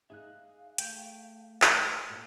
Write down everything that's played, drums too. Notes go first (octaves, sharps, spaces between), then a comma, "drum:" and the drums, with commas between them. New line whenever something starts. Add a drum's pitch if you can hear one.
D#4 G#4 E5 F5 F#6
A3 G5, drum: hi-hat
drum: clap
A#2 A4